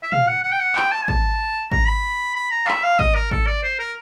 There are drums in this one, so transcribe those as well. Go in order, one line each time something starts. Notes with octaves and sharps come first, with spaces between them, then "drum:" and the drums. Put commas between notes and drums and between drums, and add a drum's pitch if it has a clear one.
E5
F5, drum: tom
F#5
F#5
G5
F#5
G5, drum: clap
A5
G#5
A5, drum: kick G#1
A#5, drum: kick G#1
B5
B5
A#5
E5, drum: clap
F5
D#5, drum: kick G#1
A#4
A4, drum: kick G#1
D5
C5
A#4